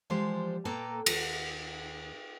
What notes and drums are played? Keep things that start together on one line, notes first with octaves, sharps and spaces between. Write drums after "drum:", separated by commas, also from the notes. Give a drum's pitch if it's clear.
E3 F3 G3 G#3 G4 C5
A#2 A#3 A4 B4 G5 A#5
D#2 F#5, drum: cymbal